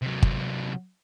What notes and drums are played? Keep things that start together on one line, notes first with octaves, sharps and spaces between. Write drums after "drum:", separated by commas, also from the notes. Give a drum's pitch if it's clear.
C3 F#3
drum: kick G1